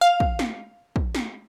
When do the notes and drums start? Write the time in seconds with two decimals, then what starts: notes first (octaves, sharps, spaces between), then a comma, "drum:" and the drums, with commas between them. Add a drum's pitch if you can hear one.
0.01 F5
0.20 drum: kick
0.39 drum: snare
0.96 drum: kick
1.15 drum: snare